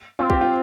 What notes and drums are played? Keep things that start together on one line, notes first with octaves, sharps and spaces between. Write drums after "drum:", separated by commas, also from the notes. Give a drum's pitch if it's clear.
C4 F4
G4, drum: kick
F4